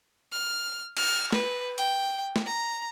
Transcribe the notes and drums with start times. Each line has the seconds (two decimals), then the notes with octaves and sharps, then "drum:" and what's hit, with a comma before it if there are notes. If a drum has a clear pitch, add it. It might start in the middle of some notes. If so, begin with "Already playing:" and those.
0.32 F6
0.97 F6, drum: cymbal
1.32 B4, drum: snare
1.78 G5, drum: hi-hat
2.36 drum: snare
2.46 A#5